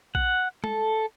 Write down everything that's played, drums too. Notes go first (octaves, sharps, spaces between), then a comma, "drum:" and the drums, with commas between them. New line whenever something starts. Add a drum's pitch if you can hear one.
F#5, drum: kick A#1
A4, drum: tom